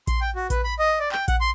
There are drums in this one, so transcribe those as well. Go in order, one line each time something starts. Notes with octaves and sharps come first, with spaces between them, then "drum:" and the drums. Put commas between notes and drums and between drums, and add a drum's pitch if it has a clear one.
C6, drum: kick A#1, hi-hat
G5
F#4
B4, drum: kick A#1, hi-hat
B5
D#5
D5
G5, drum: clap
F#5, drum: kick A#1, hi-hat
C6